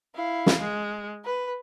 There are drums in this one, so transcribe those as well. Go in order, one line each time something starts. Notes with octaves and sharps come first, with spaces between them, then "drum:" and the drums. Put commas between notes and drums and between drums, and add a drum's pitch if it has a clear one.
E4 F5
drum: snare
G#3
B4